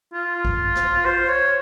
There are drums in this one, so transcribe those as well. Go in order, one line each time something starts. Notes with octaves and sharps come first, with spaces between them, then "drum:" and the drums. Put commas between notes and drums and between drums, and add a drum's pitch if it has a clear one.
F4
drum: kick A#1
drum: snare
C5
C#5